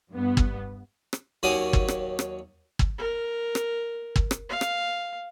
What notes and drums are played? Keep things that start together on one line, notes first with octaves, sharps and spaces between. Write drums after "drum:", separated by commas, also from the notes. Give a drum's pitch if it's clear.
G2 B3
drum: kick
drum: rim click
D#2 F#3 C#4 D5 D#5 D#6
drum: kick
drum: rim click
drum: rim click
drum: kick
A#4
drum: rim click
drum: kick
drum: rim click
F5
drum: rim click